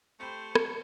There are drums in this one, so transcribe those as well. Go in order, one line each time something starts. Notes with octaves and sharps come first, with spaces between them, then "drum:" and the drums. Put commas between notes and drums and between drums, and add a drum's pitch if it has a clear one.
A3 C4 G4 C5 B5 C#7
drum: rim click